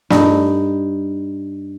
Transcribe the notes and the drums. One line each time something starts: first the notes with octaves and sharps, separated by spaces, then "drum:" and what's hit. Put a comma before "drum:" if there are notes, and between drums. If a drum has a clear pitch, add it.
G2 D#4, drum: snare